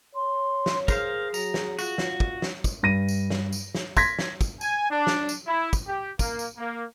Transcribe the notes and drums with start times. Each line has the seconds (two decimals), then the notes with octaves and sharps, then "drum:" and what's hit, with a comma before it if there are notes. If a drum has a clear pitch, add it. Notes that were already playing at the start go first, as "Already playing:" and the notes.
0.15 C#5 C6
0.66 drum: snare
0.88 G#4 A#4 C5 F5, drum: kick, tambourine
1.34 F#3 A#5, drum: tambourine
1.54 drum: snare
1.79 F4 F#4, drum: tambourine
1.98 drum: snare
2.20 drum: kick
2.42 drum: snare
2.64 drum: kick, tambourine
2.83 G2 A#6 D#7
3.08 drum: tambourine
3.30 drum: snare
3.52 drum: tambourine
3.75 drum: snare
3.97 C6 G#6 A#6 B6, drum: kick, tambourine
4.19 drum: snare
4.41 drum: kick, tambourine
4.61 G#5, drum: tambourine
4.91 D4
5.07 drum: snare
5.29 drum: tambourine
5.47 E4
5.73 drum: kick, tambourine
5.87 G4
6.19 A#3, drum: kick, tambourine
6.39 drum: tambourine
6.57 A#3